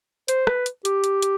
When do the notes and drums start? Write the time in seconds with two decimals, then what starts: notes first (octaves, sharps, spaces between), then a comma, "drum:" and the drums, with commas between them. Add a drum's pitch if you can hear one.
0.28 C5, drum: hi-hat
0.47 B4, drum: rim click
0.66 drum: hi-hat
0.85 G4, drum: hi-hat
1.04 drum: hi-hat
1.22 drum: hi-hat